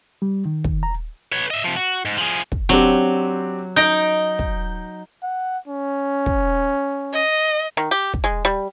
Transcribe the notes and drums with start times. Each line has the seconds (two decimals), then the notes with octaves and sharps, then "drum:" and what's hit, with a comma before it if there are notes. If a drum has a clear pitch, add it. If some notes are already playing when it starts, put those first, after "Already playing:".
0.22 G3
0.46 D#3
0.64 drum: kick
0.83 A#5
1.32 B4 C#5
1.50 D#5 E5
1.64 C3 F3
1.76 F#4
2.05 G#2
2.18 F3 G#4
2.52 drum: kick
2.69 F#3 C4 D4 G4
3.76 D#4 G6 A#6 D7
4.39 drum: kick
5.23 F#5
5.67 C#4
6.26 drum: kick
7.13 D#5
7.77 D#3
7.91 G4
8.14 drum: kick
8.24 G#3
8.45 G3